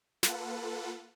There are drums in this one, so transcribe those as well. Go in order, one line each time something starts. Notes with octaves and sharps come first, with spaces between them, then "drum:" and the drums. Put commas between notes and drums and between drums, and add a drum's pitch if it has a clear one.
A#3 F4 A4 B4 F#5, drum: snare